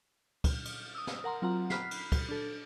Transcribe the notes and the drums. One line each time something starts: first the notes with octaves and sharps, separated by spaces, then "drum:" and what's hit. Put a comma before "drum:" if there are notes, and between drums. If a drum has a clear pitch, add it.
drum: kick, cymbal
drum: cymbal
D#6 E6
drum: snare
A#4 F#5 A#5 C6
F#3 C4 F4 F#5 A#5
B5 F6 F#6 B6 C7, drum: snare
drum: cymbal
drum: kick, cymbal
D4 A4